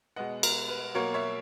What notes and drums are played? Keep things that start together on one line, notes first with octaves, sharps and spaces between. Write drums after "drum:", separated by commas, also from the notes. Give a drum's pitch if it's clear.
B2 G#3 B3 D#5 F#5
A#4, drum: cymbal
B4
B2 F#3 A#3 A#4 C#5
C#5 E5